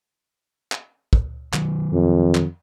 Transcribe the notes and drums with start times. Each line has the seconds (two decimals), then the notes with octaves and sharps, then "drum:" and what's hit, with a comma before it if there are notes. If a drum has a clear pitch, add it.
0.72 drum: clap
1.13 drum: kick
1.53 D#3 F#3, drum: clap
1.93 F2
2.35 drum: clap